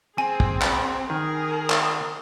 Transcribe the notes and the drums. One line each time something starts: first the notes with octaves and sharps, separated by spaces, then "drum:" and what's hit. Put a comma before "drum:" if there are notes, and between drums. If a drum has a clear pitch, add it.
C4 G#4 G#5
drum: kick
drum: clap
D#3 G#4 A#4
drum: clap